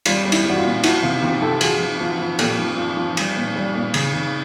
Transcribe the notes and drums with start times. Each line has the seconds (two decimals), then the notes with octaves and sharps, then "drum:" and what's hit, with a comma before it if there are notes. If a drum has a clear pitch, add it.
0.05 G3 F4, drum: cymbal
0.25 G3
0.32 E4, drum: cymbal
0.45 G3 F#4
0.57 F4
0.65 A#2
0.83 F3 E4 F#4, drum: cymbal
1.02 C3 F4
1.22 C3 F4 G4
1.42 F3 G4 A4
1.61 F3 F#4 G#4, drum: cymbal
1.80 F3
2.00 F3
2.20 F3
2.39 A#2 G4 A4, drum: cymbal
2.59 F3
2.77 F3
2.97 F3
3.17 G3, drum: cymbal
3.36 A#2
3.56 G3
3.75 A#2
3.94 C#3, drum: cymbal
4.14 C#3